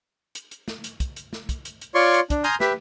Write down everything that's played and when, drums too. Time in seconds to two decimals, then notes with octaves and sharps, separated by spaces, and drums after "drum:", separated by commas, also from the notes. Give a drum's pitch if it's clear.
0.35 drum: hi-hat
0.51 drum: hi-hat
0.68 drum: snare
0.84 drum: hi-hat
1.00 drum: kick, hi-hat
1.16 drum: hi-hat
1.33 drum: snare
1.49 drum: kick, hi-hat
1.65 drum: hi-hat
1.81 drum: hi-hat
1.95 F4 C#5 D5 C6 C#6
2.14 drum: hi-hat
2.30 D4, drum: kick, hi-hat
2.44 G#5 A#5 C6 D#6 F6 G6, drum: hi-hat
2.60 G4 B4 E5, drum: snare